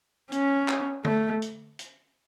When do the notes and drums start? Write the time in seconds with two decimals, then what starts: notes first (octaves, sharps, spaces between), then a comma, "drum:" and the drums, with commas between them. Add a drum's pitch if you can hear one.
0.32 C#4, drum: hi-hat
0.68 drum: clap
1.05 A3, drum: tom
1.42 drum: hi-hat
1.79 drum: hi-hat